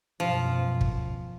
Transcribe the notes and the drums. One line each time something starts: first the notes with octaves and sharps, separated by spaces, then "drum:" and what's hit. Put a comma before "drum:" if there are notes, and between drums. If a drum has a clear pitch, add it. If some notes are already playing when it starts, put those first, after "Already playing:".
F#2 B2 F3
drum: kick